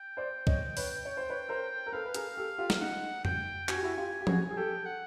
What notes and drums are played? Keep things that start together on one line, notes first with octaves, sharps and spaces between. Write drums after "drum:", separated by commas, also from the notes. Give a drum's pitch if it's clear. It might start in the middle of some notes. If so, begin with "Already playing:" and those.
Already playing: G5
C5 D5
C#5 D#5, drum: kick
B4 C#5, drum: open hi-hat
C#5
C5
B4 C#5
A#4 C5
A#4
A4 B4 F5
B4
G#4 A#4, drum: hi-hat
G4 A4
F4 G4
drum: snare
D#4 F#5
G5, drum: tom F2
F#4 G#5, drum: clap
G4
E4 F#4
F4 G4
G4
F#4 G#4, drum: tom F3
G#4
G4 A4 G5
F#5